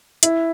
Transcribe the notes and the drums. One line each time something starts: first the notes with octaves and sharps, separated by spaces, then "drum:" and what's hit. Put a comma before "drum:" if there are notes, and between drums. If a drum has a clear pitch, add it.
E4, drum: hi-hat